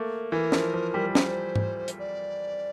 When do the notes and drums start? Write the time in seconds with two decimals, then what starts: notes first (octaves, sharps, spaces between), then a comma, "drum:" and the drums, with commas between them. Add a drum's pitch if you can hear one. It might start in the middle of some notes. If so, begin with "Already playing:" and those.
Already playing: A3 A#3
0.31 E3 A#4
0.52 F3, drum: snare
0.74 F3
0.94 G3
1.15 C5, drum: snare
1.56 drum: tom G#2
1.88 drum: hi-hat
1.99 D5